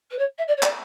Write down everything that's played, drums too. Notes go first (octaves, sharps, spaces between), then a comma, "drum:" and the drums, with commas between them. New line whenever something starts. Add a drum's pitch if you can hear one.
B4
C#5
E5
D5
C#5
D5, drum: clap